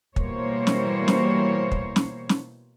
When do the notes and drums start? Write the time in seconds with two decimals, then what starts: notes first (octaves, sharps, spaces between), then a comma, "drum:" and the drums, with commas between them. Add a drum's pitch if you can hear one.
0.16 B2 E3 G3 A#3 C5 C#5, drum: kick
0.67 drum: snare
1.08 drum: snare
1.71 drum: kick
1.96 drum: snare
2.29 drum: snare